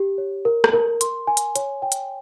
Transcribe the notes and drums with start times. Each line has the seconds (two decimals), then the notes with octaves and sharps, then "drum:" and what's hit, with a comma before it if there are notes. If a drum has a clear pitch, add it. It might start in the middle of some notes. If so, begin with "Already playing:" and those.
Already playing: G4
0.18 C#5
0.45 A#4
0.64 drum: rim click
0.73 A#4
1.01 C6, drum: hi-hat
1.27 G#5
1.37 drum: hi-hat
1.56 C#5, drum: hi-hat
1.82 G5
1.92 drum: hi-hat